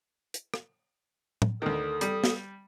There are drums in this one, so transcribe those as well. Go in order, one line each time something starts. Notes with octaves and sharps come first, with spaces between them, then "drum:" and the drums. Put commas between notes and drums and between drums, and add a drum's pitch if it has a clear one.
drum: hi-hat
drum: rim click
drum: tom
D2 D#3 A4 D#6
G3, drum: hi-hat
drum: snare